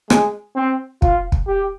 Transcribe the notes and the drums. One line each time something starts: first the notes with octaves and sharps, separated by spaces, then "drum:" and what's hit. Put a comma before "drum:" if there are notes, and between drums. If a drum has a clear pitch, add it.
G#3, drum: rim click
C4
F4, drum: kick
drum: kick
G4